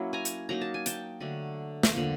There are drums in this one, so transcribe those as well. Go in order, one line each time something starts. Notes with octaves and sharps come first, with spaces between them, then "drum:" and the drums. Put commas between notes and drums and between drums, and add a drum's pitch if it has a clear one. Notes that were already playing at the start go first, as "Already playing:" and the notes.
Already playing: F#3 A#3 C#4 E4
G#5 A#5
drum: hi-hat
F#3 A#3 D#4 A#5
A5
G#5
G5 A5, drum: hi-hat
D3 F#3 A3 D4
drum: snare
D3 F3 A#3